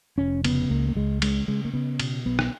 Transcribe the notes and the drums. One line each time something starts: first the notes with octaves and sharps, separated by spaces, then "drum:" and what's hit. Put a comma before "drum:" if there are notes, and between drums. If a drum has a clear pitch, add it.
F1 C#4
C#3 B3, drum: cymbal
C#2 A#3
A#3
C#2 G#3
C#3 G#3, drum: cymbal
C#3 G#3
A#3
C#3 B3
B2, drum: cymbal
B1 B3
drum: rim click